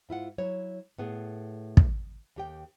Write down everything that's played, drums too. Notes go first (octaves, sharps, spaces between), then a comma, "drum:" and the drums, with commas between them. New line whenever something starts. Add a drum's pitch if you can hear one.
G#2 E4 F4 F#5
F#3 E4 C#5
A2 B3 G#4
drum: kick
D#2 G4 G5